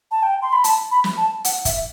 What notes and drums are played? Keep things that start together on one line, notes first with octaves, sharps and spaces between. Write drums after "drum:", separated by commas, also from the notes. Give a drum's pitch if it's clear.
A5
G5
C6
B5
A5, drum: hi-hat
B5
drum: snare
A5
F#5, drum: hi-hat
E5, drum: kick, hi-hat